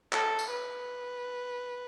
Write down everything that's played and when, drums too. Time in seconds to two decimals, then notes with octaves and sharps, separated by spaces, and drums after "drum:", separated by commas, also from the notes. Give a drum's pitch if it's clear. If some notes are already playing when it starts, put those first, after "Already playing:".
0.13 A4, drum: clap
0.39 drum: tambourine
0.51 B4